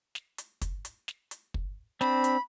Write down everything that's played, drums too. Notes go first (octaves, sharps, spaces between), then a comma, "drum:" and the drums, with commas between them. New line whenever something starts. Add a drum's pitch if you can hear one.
drum: snare
drum: hi-hat
drum: kick, hi-hat
drum: hi-hat
drum: snare
drum: hi-hat
drum: kick
C4 D4 B5, drum: snare
drum: hi-hat